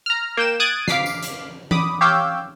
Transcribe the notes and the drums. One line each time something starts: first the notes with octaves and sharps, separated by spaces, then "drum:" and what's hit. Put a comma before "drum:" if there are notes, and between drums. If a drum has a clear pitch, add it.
A#5 F6
A#3 G5 E7
D#6 F#6 G#6 A6 D7 D#7
F5 D6 B6 C7, drum: snare
drum: tambourine
drum: hi-hat
B5 D6 D#6, drum: tom E3
G4 C#5 F5 D6 E6 G6